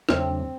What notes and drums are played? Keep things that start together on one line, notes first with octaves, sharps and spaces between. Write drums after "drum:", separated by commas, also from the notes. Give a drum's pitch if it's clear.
E2 C#3 F#3 A3 C4 D4, drum: rim click